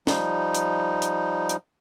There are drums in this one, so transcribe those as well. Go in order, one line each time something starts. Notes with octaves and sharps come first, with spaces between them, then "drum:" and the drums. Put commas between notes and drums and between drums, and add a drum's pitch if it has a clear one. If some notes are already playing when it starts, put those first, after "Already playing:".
F3 G3 D#4, drum: snare
drum: hi-hat
drum: hi-hat
drum: hi-hat